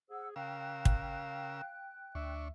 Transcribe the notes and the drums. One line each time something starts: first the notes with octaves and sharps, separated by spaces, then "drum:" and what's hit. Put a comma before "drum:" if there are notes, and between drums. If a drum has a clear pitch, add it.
G#4 C5 F#5 E6
C#3 A#4 F5 G5 E6 F#6
drum: kick
D2 D4 E5 C#6